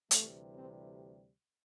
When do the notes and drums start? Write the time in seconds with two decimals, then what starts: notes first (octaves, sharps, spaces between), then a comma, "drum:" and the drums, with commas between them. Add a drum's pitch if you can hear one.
0.11 D2 C3 E3 G3 A3, drum: hi-hat
0.54 C4